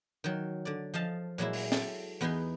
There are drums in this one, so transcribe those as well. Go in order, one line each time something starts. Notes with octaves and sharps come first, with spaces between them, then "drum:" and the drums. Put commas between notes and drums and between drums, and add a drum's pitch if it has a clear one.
D#3 F#3
D3 D5
F3 D#5 F5 A5
A#2 F#3 G#3 E4
drum: open hi-hat
A4, drum: snare
E2 B3 D#4 D#5 G#5 C6